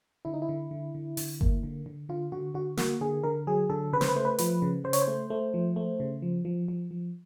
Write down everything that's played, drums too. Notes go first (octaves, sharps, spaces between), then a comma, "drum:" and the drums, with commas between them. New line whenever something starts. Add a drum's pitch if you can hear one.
D3 E4
D#4
E4
D3
D3
D3
D3, drum: open hi-hat
A#3, drum: kick G1
D3
D3
D3 F4
D3 F#4
D3 F#4
A#3 F#4, drum: snare
D3 G#4
D3 A#4
F#3 G#4
D3 A4
C#3 B4
C5, drum: snare
B4
A3 C5
B4
F3 B4, drum: hi-hat
C#3
C#3 C5
C#5, drum: hi-hat
C5
A3
A3
F3
A3
C#3
F3
F3
F3
F3